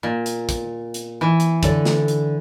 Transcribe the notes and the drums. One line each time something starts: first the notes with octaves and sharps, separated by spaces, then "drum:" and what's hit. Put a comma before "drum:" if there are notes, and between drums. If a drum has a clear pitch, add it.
A#2
drum: hi-hat
drum: kick, hi-hat
drum: hi-hat
E3
drum: hi-hat
D3 A4 D5, drum: kick, hi-hat
drum: snare
drum: hi-hat